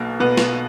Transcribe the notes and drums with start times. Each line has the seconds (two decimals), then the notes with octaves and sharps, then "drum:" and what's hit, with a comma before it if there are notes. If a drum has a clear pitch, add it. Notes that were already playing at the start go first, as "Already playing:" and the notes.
Already playing: B1 B2 A#3
0.20 B2 B3
0.37 drum: snare